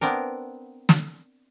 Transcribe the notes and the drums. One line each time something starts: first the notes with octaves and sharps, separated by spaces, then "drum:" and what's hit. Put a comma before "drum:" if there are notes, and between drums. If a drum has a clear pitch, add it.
B3 C4 D4 A#4
drum: snare